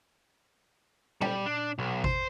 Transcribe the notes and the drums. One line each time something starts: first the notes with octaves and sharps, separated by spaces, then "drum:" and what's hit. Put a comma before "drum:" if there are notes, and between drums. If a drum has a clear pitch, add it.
G3, drum: tom
D4
B1
C5, drum: kick G#1